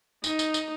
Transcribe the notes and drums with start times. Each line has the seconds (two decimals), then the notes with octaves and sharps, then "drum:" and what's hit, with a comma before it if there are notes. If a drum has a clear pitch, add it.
0.24 D#4, drum: tambourine
0.39 drum: tambourine
0.54 drum: tambourine